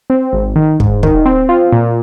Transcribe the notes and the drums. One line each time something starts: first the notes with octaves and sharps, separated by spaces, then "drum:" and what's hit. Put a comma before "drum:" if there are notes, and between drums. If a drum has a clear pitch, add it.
C4
G#1
D#3
G#2, drum: kick
D#3, drum: kick
C4
F4
A#2